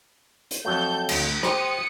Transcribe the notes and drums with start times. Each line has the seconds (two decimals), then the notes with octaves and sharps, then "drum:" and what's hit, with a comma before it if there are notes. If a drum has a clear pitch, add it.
0.51 drum: hi-hat
0.65 F2 F#3 A3 A4 G6
1.09 D2, drum: cymbal
1.43 G4 C5 D#6 C#7, drum: rim click